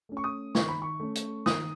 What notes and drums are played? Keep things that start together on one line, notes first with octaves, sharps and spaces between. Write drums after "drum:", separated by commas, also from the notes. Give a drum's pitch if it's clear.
A3 C#4
C#6
D#6
D#3 C#6, drum: snare
B5
C#6
A3 C#4
drum: hi-hat
D#3 D#6, drum: snare